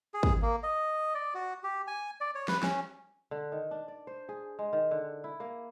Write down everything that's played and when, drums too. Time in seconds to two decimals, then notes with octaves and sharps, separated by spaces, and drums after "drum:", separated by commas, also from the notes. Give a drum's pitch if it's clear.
0.14 G#4
0.23 drum: kick
0.42 A#3
0.63 D#5
1.15 D5
1.35 F#4
1.63 G4
1.87 G#5
2.21 D5
2.35 C#5
2.48 B4, drum: snare
2.63 C#4, drum: snare
3.31 D3
3.52 D#3
3.71 D4
3.88 D5
4.07 C5
4.29 G#4
4.59 G#3
4.73 D#3
4.91 D3
5.24 E4
5.40 A#3